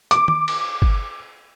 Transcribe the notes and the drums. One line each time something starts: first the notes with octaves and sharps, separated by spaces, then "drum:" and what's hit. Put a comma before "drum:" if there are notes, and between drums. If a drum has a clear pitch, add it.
D6, drum: hi-hat
drum: tom
drum: cymbal
drum: kick